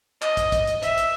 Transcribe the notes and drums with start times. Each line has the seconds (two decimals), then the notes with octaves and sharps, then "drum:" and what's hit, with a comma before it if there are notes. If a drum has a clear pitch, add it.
0.22 D#5, drum: clap
0.37 drum: kick, hi-hat
0.52 drum: kick, hi-hat
0.67 drum: hi-hat
0.83 E5, drum: hi-hat
0.98 drum: hi-hat